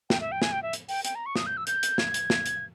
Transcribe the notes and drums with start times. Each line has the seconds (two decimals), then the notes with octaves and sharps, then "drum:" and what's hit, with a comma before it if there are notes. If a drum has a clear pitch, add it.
0.10 G5, drum: snare
0.20 E5
0.32 G5
0.42 G#5, drum: snare
0.52 G5
0.62 E5
0.73 drum: hi-hat
0.89 G5, drum: open hi-hat
1.05 G5, drum: hi-hat
1.15 A#5
1.26 C#6
1.35 D#6, drum: snare
1.46 G6
1.57 E6
1.67 G6, drum: hi-hat
1.83 drum: hi-hat
1.98 G#6, drum: snare
2.14 drum: hi-hat
2.30 drum: snare
2.46 drum: hi-hat